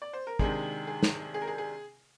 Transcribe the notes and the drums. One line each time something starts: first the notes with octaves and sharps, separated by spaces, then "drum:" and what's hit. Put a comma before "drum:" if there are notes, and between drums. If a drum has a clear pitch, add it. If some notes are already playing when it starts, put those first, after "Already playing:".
D5
C5
A#4
C3 D#3 G#3 D4 G#4, drum: kick
G#4
drum: snare
G#4
A#4
G#4
G#4